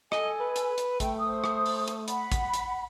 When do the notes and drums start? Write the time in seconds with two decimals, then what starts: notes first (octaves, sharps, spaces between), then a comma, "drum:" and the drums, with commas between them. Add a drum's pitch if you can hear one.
0.12 A4 D#5 G#5, drum: rim click
0.40 B4
0.56 drum: hi-hat
0.78 drum: hi-hat
1.00 A3 G5, drum: kick A1, hi-hat
1.19 C5 D#6
1.44 drum: rim click
1.66 drum: open hi-hat
1.88 drum: hi-hat
2.08 F#5 B5, drum: hi-hat
2.32 drum: kick A1, hi-hat
2.54 drum: hi-hat